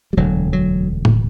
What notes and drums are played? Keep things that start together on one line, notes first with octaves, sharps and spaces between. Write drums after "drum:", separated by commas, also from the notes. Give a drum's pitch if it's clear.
G3
E1 D2 D3 F#3
F#3
drum: tom A2